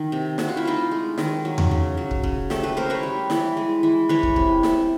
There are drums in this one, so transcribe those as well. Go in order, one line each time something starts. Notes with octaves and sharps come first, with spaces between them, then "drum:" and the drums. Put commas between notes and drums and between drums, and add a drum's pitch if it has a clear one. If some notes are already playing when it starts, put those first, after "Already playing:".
Already playing: D#3 D#4
C3
A3 F#4, drum: snare
F4
E4
A3 D#4 F4
G#3
D#3, drum: snare
F#3
drum: tom E2
C#3
F#3
drum: kick
C#3, drum: kick
A3 G4 A4, drum: snare
A4 B4
A3 A#4 C5
B4 C#5
G3
E3, drum: snare
G#3
E3
E3 B4 C#5
drum: kick
C3, drum: kick
A3, drum: snare